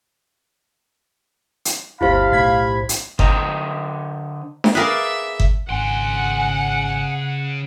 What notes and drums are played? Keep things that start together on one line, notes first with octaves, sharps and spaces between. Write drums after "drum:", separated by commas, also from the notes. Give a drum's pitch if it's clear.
drum: hi-hat
G1 D2 E4 G4 C5 F5 B5
B1 A2 B5 G#6
drum: hi-hat
D3 C5 D#5 G5 A#5, drum: kick G1
drum: snare D4
G#4 A#4 B4 D5 E5 F5
drum: kick G1
G#1 C#3 F#5 G#5 C6